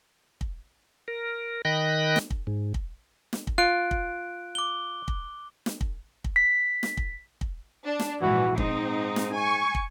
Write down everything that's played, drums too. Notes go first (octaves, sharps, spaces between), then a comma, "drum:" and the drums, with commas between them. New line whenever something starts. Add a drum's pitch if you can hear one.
drum: kick
A#4
D#3 D#5 G5 B5 F#6 A#6
drum: snare
drum: kick
G#2
drum: kick
drum: snare
drum: kick
F4 F#6 D7
drum: kick
D6 G7
drum: kick
drum: snare
drum: kick
drum: kick
B6
drum: snare
drum: kick
drum: kick
D4
drum: snare
A#1 G#2 E3 F#4
G#2 C4 D#4, drum: kick
drum: snare
G#5 C#6
drum: kick